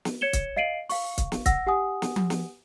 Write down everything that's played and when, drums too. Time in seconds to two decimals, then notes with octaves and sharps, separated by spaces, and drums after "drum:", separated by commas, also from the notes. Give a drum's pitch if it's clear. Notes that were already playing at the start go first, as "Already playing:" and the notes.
0.05 drum: snare
0.21 C#5 G#6 C#7 E7 G7
0.33 drum: kick, hi-hat
0.56 D#5 F5 C7 D7 D#7 F#7
0.89 F5 C#6, drum: open hi-hat
1.18 drum: kick, hi-hat
1.32 drum: snare
1.46 F#5 E6 A#6, drum: kick, hi-hat
1.67 G4 F#5 G#5 D#6
2.02 drum: snare
2.16 drum: tom F3
2.30 drum: snare